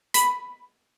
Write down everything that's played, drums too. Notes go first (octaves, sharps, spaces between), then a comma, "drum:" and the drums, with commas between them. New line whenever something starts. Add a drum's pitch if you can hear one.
B5, drum: hi-hat